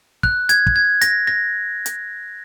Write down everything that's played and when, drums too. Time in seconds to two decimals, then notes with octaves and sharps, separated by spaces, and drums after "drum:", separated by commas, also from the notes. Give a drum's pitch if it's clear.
0.23 F#6, drum: kick
0.49 G#6, drum: hi-hat
0.66 drum: kick
0.76 G#6
1.02 A#6, drum: hi-hat
1.27 A#6
1.86 drum: hi-hat